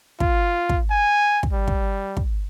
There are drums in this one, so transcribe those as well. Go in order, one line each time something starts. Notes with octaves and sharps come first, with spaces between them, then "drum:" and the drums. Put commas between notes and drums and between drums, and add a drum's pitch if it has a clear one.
F4, drum: kick
drum: kick
G#5
drum: kick
G3
drum: kick
drum: kick